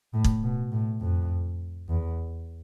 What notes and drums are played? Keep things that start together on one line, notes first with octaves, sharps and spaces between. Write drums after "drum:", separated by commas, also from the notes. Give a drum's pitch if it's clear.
A2
drum: kick
B2
A2
F2
E2